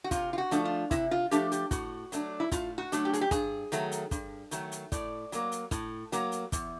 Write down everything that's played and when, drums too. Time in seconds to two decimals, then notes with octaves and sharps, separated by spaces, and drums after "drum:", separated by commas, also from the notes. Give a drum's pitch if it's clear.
0.04 F#4
0.11 C3 F4, drum: kick, hi-hat
0.33 F4
0.38 F#4
0.51 F3 A3 D4, drum: hi-hat
0.65 F4
0.91 C3 E4, drum: kick, hi-hat
1.11 F4
1.31 F3 A3 D4 G4, drum: hi-hat
1.52 G4, drum: hi-hat
1.71 A2 F#4, drum: kick, hi-hat
2.12 F#3 A3 D4, drum: hi-hat
2.40 E4
2.51 A2 F4, drum: kick, hi-hat
2.78 F#4
2.92 F#3 A3 D4, drum: hi-hat
3.05 G4
3.13 G#4, drum: hi-hat
3.21 G4
3.31 G2 G#4, drum: kick, hi-hat
3.72 D#3 F#3 A3, drum: hi-hat
3.92 drum: hi-hat
4.11 G2, drum: kick, hi-hat
4.51 D#3 F#3 A3, drum: hi-hat
4.72 drum: hi-hat
4.92 A2 D5, drum: kick, hi-hat
5.32 F#3 A#3, drum: hi-hat
5.52 drum: hi-hat
5.71 A2, drum: kick, hi-hat
6.12 F#3 A#3, drum: hi-hat
6.32 drum: hi-hat
6.52 E2, drum: kick, hi-hat